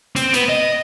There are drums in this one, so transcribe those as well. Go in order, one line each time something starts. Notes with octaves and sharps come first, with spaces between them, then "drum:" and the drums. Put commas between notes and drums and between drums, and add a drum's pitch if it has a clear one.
C4, drum: hi-hat
B3, drum: hi-hat
D#5